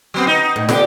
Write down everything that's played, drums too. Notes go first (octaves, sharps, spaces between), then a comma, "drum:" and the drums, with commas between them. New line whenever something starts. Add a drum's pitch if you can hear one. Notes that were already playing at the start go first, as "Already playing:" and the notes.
F#3 B3 C4
D#4
A2
D3 B3 G4, drum: snare